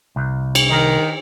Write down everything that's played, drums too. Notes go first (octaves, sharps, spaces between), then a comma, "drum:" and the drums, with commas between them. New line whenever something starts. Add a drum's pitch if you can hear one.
C2
drum: cymbal
D#3